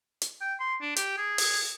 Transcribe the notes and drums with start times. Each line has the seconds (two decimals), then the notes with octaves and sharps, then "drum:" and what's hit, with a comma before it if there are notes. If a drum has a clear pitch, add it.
0.22 drum: hi-hat
0.41 G5
0.60 C6
0.81 D4
0.96 G4, drum: hi-hat
1.18 G#4
1.38 drum: open hi-hat